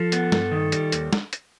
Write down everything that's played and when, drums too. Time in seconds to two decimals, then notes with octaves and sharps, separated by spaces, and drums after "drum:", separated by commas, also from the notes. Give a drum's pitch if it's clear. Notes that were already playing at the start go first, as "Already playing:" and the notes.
Already playing: F3 A4
0.12 B3, drum: hi-hat
0.32 G2, drum: snare
0.52 D#3
0.72 G3, drum: hi-hat
0.92 D#2, drum: hi-hat
1.13 drum: snare
1.33 drum: hi-hat